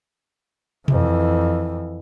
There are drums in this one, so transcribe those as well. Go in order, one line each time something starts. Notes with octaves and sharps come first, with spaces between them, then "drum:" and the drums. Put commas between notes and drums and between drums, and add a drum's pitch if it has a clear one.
F2 E3, drum: tom B2